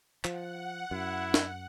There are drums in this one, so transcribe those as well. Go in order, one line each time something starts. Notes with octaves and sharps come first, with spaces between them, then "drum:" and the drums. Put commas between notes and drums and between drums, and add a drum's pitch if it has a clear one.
F3 F#5, drum: clap
F#2 E4
drum: snare